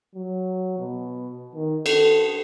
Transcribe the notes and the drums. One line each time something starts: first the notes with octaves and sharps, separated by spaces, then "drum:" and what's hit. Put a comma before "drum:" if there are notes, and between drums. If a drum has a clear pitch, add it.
F#3
B2
D#3
A4, drum: cymbal